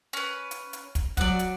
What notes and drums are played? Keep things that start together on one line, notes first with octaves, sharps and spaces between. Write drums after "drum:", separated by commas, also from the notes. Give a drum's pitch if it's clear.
C#4 B4
drum: hi-hat
drum: hi-hat
drum: kick, hi-hat
F#3 D5 F#5, drum: kick, hi-hat
drum: hi-hat